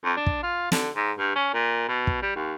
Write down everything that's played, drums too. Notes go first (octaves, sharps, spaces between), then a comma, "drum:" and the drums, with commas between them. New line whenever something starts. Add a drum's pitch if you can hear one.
F2
D4
drum: kick
F4
D3, drum: snare
G#2
G2
C#4
A#2
B2
drum: kick
G3
D#2